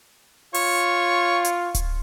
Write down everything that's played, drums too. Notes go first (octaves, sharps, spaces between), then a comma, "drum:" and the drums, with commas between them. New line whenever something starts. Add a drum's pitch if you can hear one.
F4 C#5, drum: open hi-hat
drum: hi-hat
drum: kick D1, hi-hat